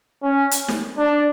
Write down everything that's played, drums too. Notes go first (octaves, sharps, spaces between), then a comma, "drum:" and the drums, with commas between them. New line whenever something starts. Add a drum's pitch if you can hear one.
C#4
drum: hi-hat
drum: snare
D4